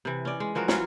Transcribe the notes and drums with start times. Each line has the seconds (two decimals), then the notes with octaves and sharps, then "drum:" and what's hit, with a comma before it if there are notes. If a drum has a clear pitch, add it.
0.05 C3 E3
0.25 C#4 D5
0.40 G#3
0.55 E3 F3 F#4 A#4
0.68 E3 F#3 C#4 F4, drum: snare